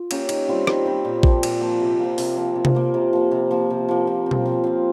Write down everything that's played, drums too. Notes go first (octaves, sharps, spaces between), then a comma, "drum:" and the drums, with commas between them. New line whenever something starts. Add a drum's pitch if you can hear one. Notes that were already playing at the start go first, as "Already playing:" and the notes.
Already playing: F4
A#3 C#4 G4, drum: cymbal
D#3, drum: cymbal
G3 C4 F4
D#3, drum: rim click
G3 C4 F4
A#2
F3 A#3, drum: kick A#1
A#2, drum: cymbal
F3 A#3
C3
F3 A#3
C3, drum: open hi-hat
F3 A#3
C3
drum: tom C3
F3 A#3
C3
F3 A#3
C3
F3 A#3
C3
F3 A#3
F3
C4
F4, drum: tom B2
F3
C4 F4